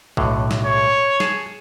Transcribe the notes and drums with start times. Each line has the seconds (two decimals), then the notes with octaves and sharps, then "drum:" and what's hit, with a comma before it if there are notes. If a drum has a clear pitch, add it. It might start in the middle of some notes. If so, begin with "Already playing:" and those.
0.17 B1 A2 D3, drum: kick A#1
0.51 drum: snare
0.65 C#5
1.20 G#4 A5, drum: snare